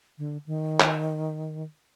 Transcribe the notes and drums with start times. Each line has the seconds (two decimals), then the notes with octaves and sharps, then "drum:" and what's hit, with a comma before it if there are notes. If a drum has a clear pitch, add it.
0.18 D3
0.46 D#3
0.80 drum: clap